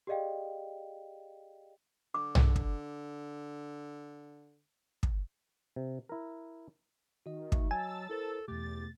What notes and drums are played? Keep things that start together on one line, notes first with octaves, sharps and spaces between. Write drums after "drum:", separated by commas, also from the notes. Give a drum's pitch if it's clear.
G4 G#4 D5 D#5 F5 G5
D3 D6
drum: tom B1
drum: kick
drum: kick
C3
E4 A#4
D#3 F#4 D#5
A3, drum: kick
F#3 G#5 A5 E6 A6
E4 A4 A#4 C5
E2 B2 A3 G4 A6